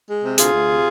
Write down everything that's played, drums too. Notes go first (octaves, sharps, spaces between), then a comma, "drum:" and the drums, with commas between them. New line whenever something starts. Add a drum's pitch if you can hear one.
G#3
C3
D2 F4 G#4, drum: hi-hat
D2
C3